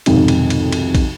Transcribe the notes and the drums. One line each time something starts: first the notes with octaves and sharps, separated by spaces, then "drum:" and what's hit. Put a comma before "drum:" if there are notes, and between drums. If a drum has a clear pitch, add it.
B1 F2 G#2 C3 D#3, drum: cymbal
drum: cymbal
drum: cymbal
drum: cymbal
drum: kick, cymbal